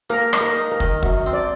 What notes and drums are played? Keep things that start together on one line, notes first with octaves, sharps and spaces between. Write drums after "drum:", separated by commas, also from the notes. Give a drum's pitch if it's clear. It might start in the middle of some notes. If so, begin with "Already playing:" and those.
A#3 A#4
D#4, drum: rim click
A#4
D#4
A#4
D#3, drum: kick
F#2, drum: kick
C4
D5